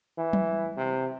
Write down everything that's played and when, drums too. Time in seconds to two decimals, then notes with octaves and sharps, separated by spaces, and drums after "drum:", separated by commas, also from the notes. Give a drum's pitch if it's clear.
0.18 E3
0.33 drum: tom F#3
0.77 C3